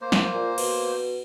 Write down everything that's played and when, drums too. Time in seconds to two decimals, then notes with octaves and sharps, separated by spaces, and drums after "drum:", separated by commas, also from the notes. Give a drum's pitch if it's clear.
0.01 A#3 C5
0.12 drum: snare
0.34 A#2
0.58 B2, drum: cymbal